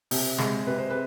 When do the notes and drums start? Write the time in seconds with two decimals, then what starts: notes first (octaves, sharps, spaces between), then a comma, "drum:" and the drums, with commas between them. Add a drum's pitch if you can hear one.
0.11 C3, drum: open hi-hat
0.38 G#3, drum: snare
0.67 C3 B4
0.78 C5
0.90 B4